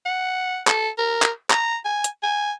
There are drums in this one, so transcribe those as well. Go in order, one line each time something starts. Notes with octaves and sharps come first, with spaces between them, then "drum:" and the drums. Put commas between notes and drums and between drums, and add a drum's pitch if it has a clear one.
F#5
A4, drum: clap
A#4
drum: clap
A#5, drum: clap
G#5
drum: hi-hat
G#5